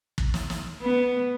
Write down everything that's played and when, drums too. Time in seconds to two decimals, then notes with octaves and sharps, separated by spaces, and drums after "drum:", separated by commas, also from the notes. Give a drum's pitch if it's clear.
0.18 drum: kick
0.34 drum: snare
0.50 drum: snare
0.82 B3